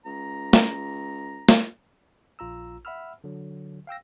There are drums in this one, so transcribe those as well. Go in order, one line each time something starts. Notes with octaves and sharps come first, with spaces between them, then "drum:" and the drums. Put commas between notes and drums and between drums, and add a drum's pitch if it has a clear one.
C#2 A#5
drum: snare
drum: snare
A#1 F4 A#5 E6
E5 F#5 B5 E6 F6
D3 F#3
F5 G5 E6 A#6